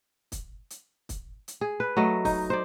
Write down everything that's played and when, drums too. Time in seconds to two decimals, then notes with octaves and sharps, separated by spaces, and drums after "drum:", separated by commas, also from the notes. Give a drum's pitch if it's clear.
0.32 drum: kick, hi-hat
0.70 drum: hi-hat
1.09 drum: kick, hi-hat
1.48 drum: hi-hat
1.61 G#4
1.80 B4
1.97 F#3 A3 D#5
2.25 D#4, drum: kick, open hi-hat
2.50 C5 D5